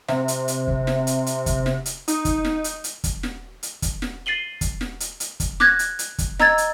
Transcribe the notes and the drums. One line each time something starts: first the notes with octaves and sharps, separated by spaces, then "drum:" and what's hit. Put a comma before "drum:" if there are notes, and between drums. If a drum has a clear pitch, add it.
C3, drum: snare
drum: hi-hat
drum: hi-hat
drum: kick
drum: snare
drum: hi-hat
drum: hi-hat
drum: kick, hi-hat
drum: snare
drum: hi-hat
D#4, drum: hi-hat
drum: kick, hi-hat
drum: snare
drum: hi-hat
drum: hi-hat
drum: kick, hi-hat
drum: snare
drum: hi-hat
drum: kick, hi-hat
drum: snare
A6 C7 D#7 F#7 G7
drum: kick, hi-hat
drum: snare
drum: hi-hat
drum: hi-hat
drum: kick, hi-hat
D6 F#6 G#6 A#6, drum: snare
drum: hi-hat
drum: hi-hat
drum: kick, hi-hat
D#5 A#5 E6 G#6 A6, drum: snare
drum: hi-hat